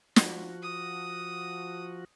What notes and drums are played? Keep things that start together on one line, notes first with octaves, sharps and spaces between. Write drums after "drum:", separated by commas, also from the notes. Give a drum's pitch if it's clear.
F3 F#4, drum: snare
D#6